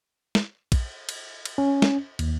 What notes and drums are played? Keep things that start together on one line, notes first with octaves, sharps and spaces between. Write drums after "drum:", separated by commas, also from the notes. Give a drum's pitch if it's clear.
drum: snare
drum: kick A#1, cymbal
drum: cymbal
drum: cymbal
C#4
drum: snare
D#2, drum: cymbal